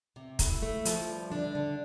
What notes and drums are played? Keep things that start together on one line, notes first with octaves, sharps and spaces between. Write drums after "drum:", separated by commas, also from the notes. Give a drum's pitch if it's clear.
C3
A3 E4, drum: kick, hi-hat
A3
F3, drum: hi-hat
G2
D3 D4
D3